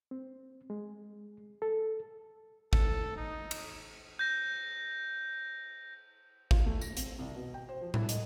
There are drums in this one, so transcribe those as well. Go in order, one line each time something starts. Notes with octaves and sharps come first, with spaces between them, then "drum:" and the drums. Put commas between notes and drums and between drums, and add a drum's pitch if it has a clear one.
C4
G#3
A4
A4, drum: kick G#1
D#4
drum: cymbal
G6 A#6
F4, drum: kick G#1
A3
A#6, drum: tambourine
C4, drum: hi-hat
C2
B2
G5
C5
F3
E4, drum: tom A2
D#5, drum: hi-hat